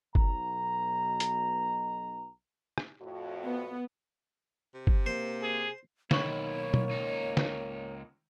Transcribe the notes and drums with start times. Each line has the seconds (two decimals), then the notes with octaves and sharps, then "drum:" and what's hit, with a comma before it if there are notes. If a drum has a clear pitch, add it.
0.15 B1 B2 A#5, drum: kick G1
1.20 drum: hi-hat
2.78 drum: rim click
3.01 F2 A2 F#4
3.45 B3
4.74 C3
4.87 drum: kick G1
5.06 A#3 C5
5.42 G#4
6.11 B1 D#3 A#3 E4 C#5 C#6 F#7, drum: snare
6.74 drum: tom B2
6.89 C#2 D#4
7.37 drum: snare